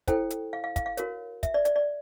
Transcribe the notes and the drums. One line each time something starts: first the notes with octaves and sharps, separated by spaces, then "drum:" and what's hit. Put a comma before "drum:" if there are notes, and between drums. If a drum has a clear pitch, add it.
E4 A4 C5 G5, drum: kick, hi-hat
drum: hi-hat
F5
F5
F5, drum: kick, hi-hat
F5
F#4 A#4 C#5, drum: hi-hat
E5, drum: kick, hi-hat
D5
D5, drum: hi-hat
D5